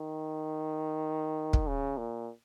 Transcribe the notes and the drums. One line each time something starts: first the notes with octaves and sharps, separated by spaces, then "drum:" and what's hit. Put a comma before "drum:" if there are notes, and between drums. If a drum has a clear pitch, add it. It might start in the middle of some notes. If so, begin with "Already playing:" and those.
Already playing: D#3
drum: kick
C#3
A#2